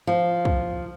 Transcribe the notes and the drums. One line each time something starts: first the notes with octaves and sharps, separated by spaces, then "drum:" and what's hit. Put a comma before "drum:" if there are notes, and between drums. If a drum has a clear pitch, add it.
F3
drum: kick